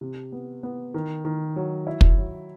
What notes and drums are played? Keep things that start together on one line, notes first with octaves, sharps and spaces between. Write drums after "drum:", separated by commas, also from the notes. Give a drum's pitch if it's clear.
C3
B3
B3
D#3
D#3
F#3
E4
drum: kick
F#3